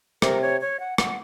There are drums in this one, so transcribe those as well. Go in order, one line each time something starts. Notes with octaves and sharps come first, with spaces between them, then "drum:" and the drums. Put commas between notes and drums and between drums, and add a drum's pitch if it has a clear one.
C3 A#4, drum: rim click
C#5
C#5
F#5
F#5, drum: rim click